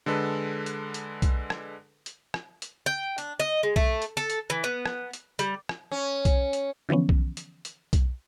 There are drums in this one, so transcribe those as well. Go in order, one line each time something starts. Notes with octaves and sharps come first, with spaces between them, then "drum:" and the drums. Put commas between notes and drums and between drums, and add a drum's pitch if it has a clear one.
D3 G#3 A4 B4
drum: hi-hat
drum: hi-hat
drum: kick B1, hi-hat
drum: rim click
drum: hi-hat
drum: rim click
drum: hi-hat
G5
D4, drum: hi-hat
D#5
G#3
A3, drum: kick B1
drum: hi-hat
A4
drum: hi-hat
E3
B3
drum: rim click
drum: hi-hat
G3, drum: hi-hat
drum: rim click
C#4
drum: kick B1, hi-hat
drum: hi-hat
D3 E3 F3 B3 C#4
drum: kick B1
drum: hi-hat
drum: hi-hat
drum: kick B1, hi-hat